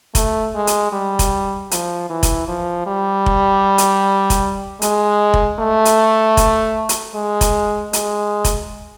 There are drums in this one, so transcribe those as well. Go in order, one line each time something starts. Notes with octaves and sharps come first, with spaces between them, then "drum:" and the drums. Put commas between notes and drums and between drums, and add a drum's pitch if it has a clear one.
A3, drum: kick F1, hi-hat
G#3
drum: hi-hat
G3
drum: kick F1, hi-hat
F3, drum: hi-hat
E3
drum: kick F1, hi-hat
F3
G3
drum: kick F1
drum: hi-hat
drum: kick F1, hi-hat
G#3, drum: hi-hat
drum: kick F1
A3
drum: hi-hat
drum: kick F1, hi-hat
drum: hi-hat
G#3
drum: kick F1, hi-hat
G#3, drum: hi-hat
drum: kick F1, hi-hat